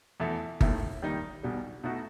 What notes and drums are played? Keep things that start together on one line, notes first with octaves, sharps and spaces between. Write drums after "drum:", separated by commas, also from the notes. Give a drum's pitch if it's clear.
E2 B2 A3 E4 A4
E1 D#2 D#3 A3 E4, drum: kick G1
D#2 D#3 G3 D#4
B1 B2 G3
B2 A3 D#4 F#4